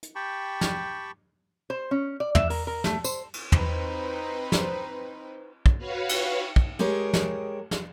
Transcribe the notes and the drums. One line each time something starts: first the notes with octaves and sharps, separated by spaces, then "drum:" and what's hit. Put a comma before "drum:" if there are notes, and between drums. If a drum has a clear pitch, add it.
drum: hi-hat
G4 G5 A5 B5 C#6
drum: snare
C5
C#4
D5
E5, drum: tom
A#4, drum: open hi-hat
A#4
A3, drum: snare
C5, drum: tambourine
drum: cymbal
C4 D#4 B4 C5, drum: tom
drum: snare
drum: kick
F#4 B4 C#5 F5
drum: cymbal
drum: kick
G#3 G4 G#4 A#4 C#5
drum: snare
drum: snare